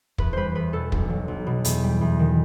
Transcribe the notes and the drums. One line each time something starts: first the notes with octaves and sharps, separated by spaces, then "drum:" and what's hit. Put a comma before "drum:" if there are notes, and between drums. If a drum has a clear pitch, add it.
E2 B4, drum: kick
G3 B4 C5
E2 B4
B2 A4
B1, drum: kick
F#3
B1
B2
E2, drum: hi-hat
G3
E2
D#3